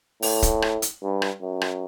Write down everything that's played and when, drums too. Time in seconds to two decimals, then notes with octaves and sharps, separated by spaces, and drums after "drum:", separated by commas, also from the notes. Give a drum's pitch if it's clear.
0.22 A2, drum: open hi-hat
0.42 drum: kick, hi-hat
0.62 drum: rim click
0.82 drum: hi-hat
1.03 G2
1.22 drum: rim click
1.42 F#2
1.61 drum: rim click